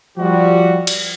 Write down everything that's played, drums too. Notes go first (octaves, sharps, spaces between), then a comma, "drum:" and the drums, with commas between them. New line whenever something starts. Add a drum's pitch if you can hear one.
F3 G3 F#4
drum: cymbal